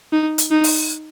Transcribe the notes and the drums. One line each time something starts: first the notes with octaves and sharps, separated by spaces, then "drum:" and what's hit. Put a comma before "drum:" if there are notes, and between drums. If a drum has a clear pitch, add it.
D#4
drum: hi-hat
D#4
drum: open hi-hat